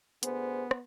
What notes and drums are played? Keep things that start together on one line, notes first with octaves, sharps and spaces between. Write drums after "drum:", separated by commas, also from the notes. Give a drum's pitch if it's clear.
D2 B3 G#4 C5, drum: hi-hat
drum: rim click